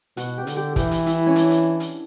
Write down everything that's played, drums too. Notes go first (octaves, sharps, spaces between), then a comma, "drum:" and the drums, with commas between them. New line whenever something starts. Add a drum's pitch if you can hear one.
B2 F#4, drum: hi-hat
G4
D3, drum: hi-hat
G4
E3 G4, drum: kick, hi-hat
drum: hi-hat
E4, drum: hi-hat
C#4
D4, drum: hi-hat
drum: hi-hat
drum: hi-hat